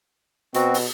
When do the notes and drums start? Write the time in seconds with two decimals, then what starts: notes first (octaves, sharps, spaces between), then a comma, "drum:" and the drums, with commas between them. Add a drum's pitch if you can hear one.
0.54 B2 C4 F#4, drum: hi-hat
0.74 drum: open hi-hat